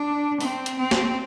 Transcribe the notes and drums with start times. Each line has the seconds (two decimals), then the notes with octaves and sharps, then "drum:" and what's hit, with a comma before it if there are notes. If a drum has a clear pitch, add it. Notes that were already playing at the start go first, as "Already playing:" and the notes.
Already playing: D4
0.40 C4, drum: open hi-hat
0.66 drum: hi-hat
0.79 C4
0.91 drum: snare